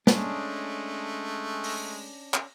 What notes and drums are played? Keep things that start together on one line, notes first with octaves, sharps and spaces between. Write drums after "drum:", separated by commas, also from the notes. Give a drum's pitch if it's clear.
G#3 A3 C#4 D4, drum: snare
drum: open hi-hat
drum: clap